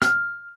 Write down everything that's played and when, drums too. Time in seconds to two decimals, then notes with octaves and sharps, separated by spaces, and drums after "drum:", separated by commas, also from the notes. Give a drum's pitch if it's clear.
0.02 F6, drum: snare